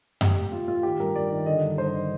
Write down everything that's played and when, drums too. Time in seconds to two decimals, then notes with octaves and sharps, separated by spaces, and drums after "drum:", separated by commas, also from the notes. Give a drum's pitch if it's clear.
0.21 A2 G4, drum: tom F#2
0.36 A2
0.52 A2 F4
0.68 A2 F4
0.83 D#3 G4
0.99 G2 A#4
1.15 G2 D5
1.31 D#3
1.46 D3 D#5
1.63 G2
1.78 G2 C5
1.94 D3